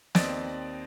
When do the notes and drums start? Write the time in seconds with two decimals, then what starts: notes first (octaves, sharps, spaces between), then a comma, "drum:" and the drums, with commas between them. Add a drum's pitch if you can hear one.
0.15 D#2 C4 D5 D#5 A6 D7, drum: snare